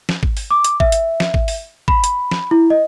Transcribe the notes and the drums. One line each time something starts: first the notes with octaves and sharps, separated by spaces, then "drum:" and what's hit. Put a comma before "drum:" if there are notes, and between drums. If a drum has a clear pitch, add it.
drum: snare
drum: kick
drum: open hi-hat
D6
drum: hi-hat
E5, drum: kick
drum: hi-hat
drum: snare
drum: kick
drum: open hi-hat
B5, drum: kick
drum: hi-hat
drum: snare
E4
D#5